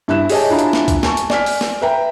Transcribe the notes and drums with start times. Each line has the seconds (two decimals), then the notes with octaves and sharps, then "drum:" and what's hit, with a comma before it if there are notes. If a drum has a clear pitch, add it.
0.08 G2 E4 E5 F#6 E7
0.29 G4 G#4 C#5 D#5 G#5 A5, drum: open hi-hat
0.49 D4 E4 F4 G#5 A#5
0.59 drum: hi-hat
0.73 drum: snare
0.88 drum: kick C2, hi-hat
1.03 G#5 A5 C#6, drum: snare
1.17 drum: hi-hat
1.30 D5 G#5 F6 B6, drum: snare
1.46 drum: open hi-hat
1.61 drum: snare
1.82 B4 E5 G5 A#5